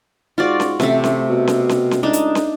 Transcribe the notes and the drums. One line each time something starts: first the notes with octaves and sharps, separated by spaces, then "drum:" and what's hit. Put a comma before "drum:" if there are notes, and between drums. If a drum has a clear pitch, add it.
G#2 F4 F#4 D5
drum: snare
A1 C3 A3, drum: snare
drum: snare
B2
drum: snare
drum: snare
drum: snare
C#2 D4 D#4
drum: hi-hat
drum: snare